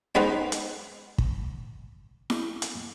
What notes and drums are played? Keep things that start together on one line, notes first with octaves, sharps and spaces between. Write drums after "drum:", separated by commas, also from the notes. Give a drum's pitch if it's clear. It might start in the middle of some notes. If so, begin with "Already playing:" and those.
G#3 B3 D#4 B4 C5 G5
drum: hi-hat
drum: kick
drum: snare E4
drum: hi-hat